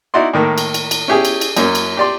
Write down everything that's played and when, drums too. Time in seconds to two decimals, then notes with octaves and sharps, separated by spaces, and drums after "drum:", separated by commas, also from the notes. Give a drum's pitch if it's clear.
0.14 D#4 E4 F#4 D5 C6
0.33 A2 D#3 A#3
0.58 drum: cymbal
0.74 drum: cymbal
0.91 drum: cymbal
1.08 C#4 E4 G4 G#4
1.25 drum: cymbal
1.41 drum: cymbal
1.57 F#2 A#3 C#4, drum: cymbal
1.75 drum: cymbal
1.97 G4 D5 C6